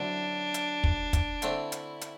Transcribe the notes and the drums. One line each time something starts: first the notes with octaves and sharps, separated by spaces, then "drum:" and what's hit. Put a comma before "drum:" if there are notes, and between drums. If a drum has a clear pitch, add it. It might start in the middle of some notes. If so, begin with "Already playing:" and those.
Already playing: F#2 D3 F#3 C4 D4 E4
drum: hi-hat
drum: kick
drum: kick, hi-hat
D3 A3 C4 E4, drum: hi-hat
drum: hi-hat
drum: hi-hat